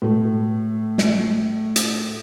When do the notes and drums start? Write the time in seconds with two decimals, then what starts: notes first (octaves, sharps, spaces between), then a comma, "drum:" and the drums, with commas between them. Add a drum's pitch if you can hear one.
0.02 A2 A3
0.98 drum: snare
1.76 drum: hi-hat